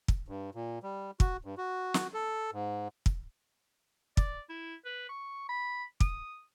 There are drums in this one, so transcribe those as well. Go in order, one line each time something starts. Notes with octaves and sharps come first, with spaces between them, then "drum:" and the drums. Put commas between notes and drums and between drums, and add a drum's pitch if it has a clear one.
drum: kick
G2
A#2
G3
F#4, drum: kick
G2
F#4
drum: snare
A4
G#2
drum: kick
D5, drum: kick
E4
B4
C#6
B5
D#6, drum: kick